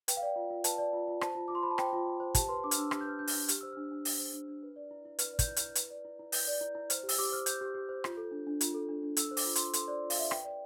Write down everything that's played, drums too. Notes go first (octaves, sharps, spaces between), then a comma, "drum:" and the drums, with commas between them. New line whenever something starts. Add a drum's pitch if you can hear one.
B4 G5, drum: hi-hat
F5
D5 G5
F4
F4
B4 A5, drum: hi-hat
D5
F4
F4
C5 A5, drum: rim click
F4
F4 D6
C6
C5 B5
A5
C5 G5, drum: rim click
F4
F4
C5
G4 A5, drum: kick, hi-hat
B4 C6
D4 D6
F6, drum: hi-hat
D4 E6
G4 F6, drum: rim click
G6
B4 F6
D4 G6
F6, drum: open hi-hat
D4
G4 F6, drum: hi-hat
C5 E6
D4 F6
D4
G4, drum: open hi-hat
C5
D4
D4
B4
D5
E4
E4
B4 F6, drum: hi-hat
D5
G6, drum: kick, hi-hat
E4
F6, drum: hi-hat
E4
B4, drum: hi-hat
D5
E4
E4
B4 G6, drum: open hi-hat
D5
E4
E4
C5 F6, drum: hi-hat
G4
E6, drum: open hi-hat
G4 D6
C5 F6
C5 G6, drum: hi-hat
G4
G4
C5
F4, drum: rim click
A4
D4
D4
F4, drum: hi-hat
A4
D4
D4
A4 E6, drum: hi-hat
C5
D6, drum: open hi-hat
F4
F4 C6, drum: hi-hat
A4 C6, drum: hi-hat
C5 D5
F4
F5, drum: open hi-hat
F4 E5
B4 G5, drum: rim click
D5